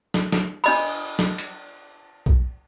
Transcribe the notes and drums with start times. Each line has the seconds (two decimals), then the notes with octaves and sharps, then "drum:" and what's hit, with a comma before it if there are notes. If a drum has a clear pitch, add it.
0.14 drum: snare
0.32 drum: snare
0.64 D4 D#5 B5, drum: cymbal
1.19 drum: snare
1.38 drum: hi-hat
2.26 drum: kick